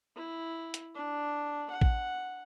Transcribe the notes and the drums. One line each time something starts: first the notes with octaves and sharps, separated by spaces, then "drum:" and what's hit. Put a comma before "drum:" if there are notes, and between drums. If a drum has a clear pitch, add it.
E4
drum: hi-hat
D4
F#5
drum: kick